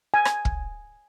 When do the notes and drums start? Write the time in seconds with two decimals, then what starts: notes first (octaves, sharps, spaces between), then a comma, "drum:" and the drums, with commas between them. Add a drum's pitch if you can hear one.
0.14 G#5
0.25 drum: rim click
0.45 drum: kick